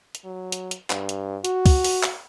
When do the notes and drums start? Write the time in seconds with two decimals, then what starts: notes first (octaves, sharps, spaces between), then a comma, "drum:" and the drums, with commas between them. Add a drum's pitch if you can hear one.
0.15 drum: hi-hat
0.25 F#3
0.52 drum: hi-hat
0.71 drum: hi-hat
0.90 G2, drum: clap
1.09 drum: hi-hat
1.45 F#4, drum: hi-hat
1.66 drum: kick, open hi-hat
1.84 drum: open hi-hat
2.03 drum: clap